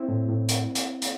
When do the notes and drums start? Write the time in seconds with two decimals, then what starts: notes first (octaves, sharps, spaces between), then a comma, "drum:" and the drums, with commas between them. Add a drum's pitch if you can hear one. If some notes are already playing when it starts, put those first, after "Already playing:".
Already playing: C4 E4
0.09 A2
0.29 A2
0.49 drum: hi-hat
0.75 drum: hi-hat
1.02 drum: hi-hat